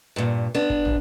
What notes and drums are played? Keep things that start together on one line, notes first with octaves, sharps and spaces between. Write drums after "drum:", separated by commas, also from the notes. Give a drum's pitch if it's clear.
G2 A#2
B3 D4
drum: kick
drum: tom